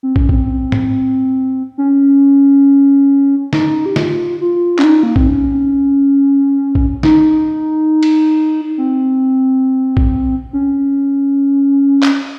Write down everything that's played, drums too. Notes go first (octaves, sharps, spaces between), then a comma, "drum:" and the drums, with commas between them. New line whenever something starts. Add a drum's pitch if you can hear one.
C4
C#4, drum: kick
C4, drum: kick
drum: tom G#2
C#4
D#4, drum: snare
G4
F4, drum: snare
F4
C#4, drum: clap
D#4
A#3
C4, drum: kick
C#4
drum: kick
D#4, drum: snare
drum: cymbal
C4
drum: kick
C#4
drum: clap